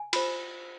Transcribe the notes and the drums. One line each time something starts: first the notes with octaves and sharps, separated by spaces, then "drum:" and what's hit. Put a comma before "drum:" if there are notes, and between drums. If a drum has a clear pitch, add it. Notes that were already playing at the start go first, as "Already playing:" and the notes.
Already playing: G#5
F4 C5, drum: cymbal